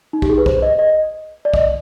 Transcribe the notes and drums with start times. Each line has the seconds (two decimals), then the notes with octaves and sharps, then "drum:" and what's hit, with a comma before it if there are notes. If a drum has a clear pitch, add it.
0.13 D#4
0.22 G4, drum: kick
0.29 G#4
0.38 B4
0.46 C5, drum: kick
0.62 D#5
0.79 D#5
1.45 D5
1.54 D#5, drum: kick